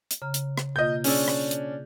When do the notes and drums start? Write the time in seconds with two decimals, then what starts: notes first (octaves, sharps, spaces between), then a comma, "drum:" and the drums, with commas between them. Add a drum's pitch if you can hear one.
0.11 drum: hi-hat
0.22 C#3 A#5 F6
0.34 drum: hi-hat
0.58 drum: rim click
0.76 B2 A#3 F4 D#5 G6
1.04 C#4 D4 G#4 D#6 E6, drum: open hi-hat
1.28 drum: rim click
1.51 drum: hi-hat